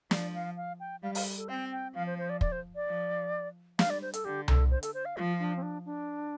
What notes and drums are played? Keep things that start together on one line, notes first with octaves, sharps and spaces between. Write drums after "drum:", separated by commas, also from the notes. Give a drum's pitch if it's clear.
F3 D5, drum: snare
F5
F5
G5
G3 F5
F5, drum: open hi-hat
A4
C4 G5
G5
F3 F5
C5
C5
D5
D5, drum: kick
C5
D5
F3
G3 F5, drum: snare
D5
C5
A4, drum: hi-hat
D3 G4
A4, drum: tom C2
C5
A4, drum: hi-hat
C5
F5
F3 F4
D4
C4
D4
D4